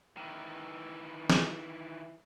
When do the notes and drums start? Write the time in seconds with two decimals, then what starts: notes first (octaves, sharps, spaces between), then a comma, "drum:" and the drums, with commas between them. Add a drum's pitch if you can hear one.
0.17 D#3 E3
1.30 drum: snare